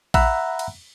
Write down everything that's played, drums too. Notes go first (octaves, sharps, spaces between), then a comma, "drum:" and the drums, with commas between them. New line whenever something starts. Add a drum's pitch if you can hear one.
E5 F#5 A#5 B5 E6 F#6, drum: kick A#1, cymbal
drum: cymbal